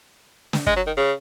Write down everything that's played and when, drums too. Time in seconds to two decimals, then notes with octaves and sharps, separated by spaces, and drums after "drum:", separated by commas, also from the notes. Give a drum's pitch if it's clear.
0.53 drum: snare
0.67 G#3, drum: kick
0.76 F#3
0.87 D#3
0.97 C#3